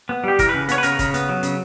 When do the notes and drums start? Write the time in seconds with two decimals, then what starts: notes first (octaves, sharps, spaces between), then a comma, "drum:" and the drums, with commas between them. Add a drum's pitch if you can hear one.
0.09 B3
0.24 G3 G4
0.39 E3 A#4, drum: kick, hi-hat
0.49 C#3 B4
0.69 B3 C#5, drum: hi-hat
0.78 B4
0.83 C#3 A#4, drum: hi-hat
0.99 C#3, drum: kick, hi-hat
1.14 B3, drum: hi-hat
1.29 F#3
1.43 C#3, drum: hi-hat